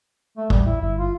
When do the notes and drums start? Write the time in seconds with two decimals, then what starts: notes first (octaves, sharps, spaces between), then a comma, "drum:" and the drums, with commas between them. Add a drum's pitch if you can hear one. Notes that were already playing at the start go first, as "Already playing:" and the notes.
0.37 A3
0.50 D#1 A1 G3, drum: kick
0.66 E4
0.81 G1 G2 E4
0.98 F4